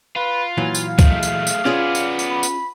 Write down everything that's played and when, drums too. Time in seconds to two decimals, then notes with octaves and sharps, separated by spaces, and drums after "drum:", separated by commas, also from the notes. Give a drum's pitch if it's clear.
0.16 F4 B4
0.58 A#2 E3 F#3 F5
0.75 drum: tambourine
0.99 G#3 A3, drum: kick C#2, tambourine
1.23 drum: tambourine
1.47 drum: tambourine
1.65 B3 C#4 F4 G#4 D5
1.95 drum: tambourine
2.19 drum: tambourine
2.31 B5
2.43 drum: tambourine